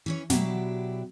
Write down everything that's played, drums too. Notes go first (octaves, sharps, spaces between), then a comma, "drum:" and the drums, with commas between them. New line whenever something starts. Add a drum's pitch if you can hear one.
E3 C#4 C#5
B2 F#3 D4 E4 G4, drum: snare